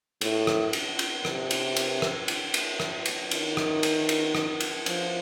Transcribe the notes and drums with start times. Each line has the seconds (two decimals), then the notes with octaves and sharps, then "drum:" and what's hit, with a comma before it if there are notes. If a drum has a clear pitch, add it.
0.21 A2, drum: cymbal
0.47 drum: rim click
0.73 drum: cymbal
0.99 drum: cymbal
1.25 C3, drum: rim click
1.51 drum: cymbal
1.76 drum: cymbal
2.02 drum: rim click
2.28 drum: cymbal
2.54 drum: cymbal
2.80 drum: rim click
3.06 drum: cymbal
3.31 D#3, drum: cymbal
3.57 drum: rim click
3.83 drum: cymbal
4.09 drum: cymbal
4.35 drum: rim click
4.60 drum: cymbal
4.86 F3, drum: cymbal